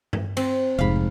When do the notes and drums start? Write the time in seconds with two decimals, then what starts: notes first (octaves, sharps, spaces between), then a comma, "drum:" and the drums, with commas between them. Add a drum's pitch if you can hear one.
0.13 drum: tom G2
0.37 C4, drum: cymbal
0.79 F1 G#2 F5 B5